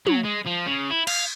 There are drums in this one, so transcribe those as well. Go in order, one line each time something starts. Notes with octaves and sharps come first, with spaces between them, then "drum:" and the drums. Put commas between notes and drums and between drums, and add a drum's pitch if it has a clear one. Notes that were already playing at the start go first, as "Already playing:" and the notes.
F#3, drum: tom
G#3
F3
C#3
E4
F5, drum: cymbal